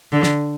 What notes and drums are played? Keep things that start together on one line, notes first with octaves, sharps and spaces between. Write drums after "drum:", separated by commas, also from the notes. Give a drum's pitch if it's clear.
D3
drum: snare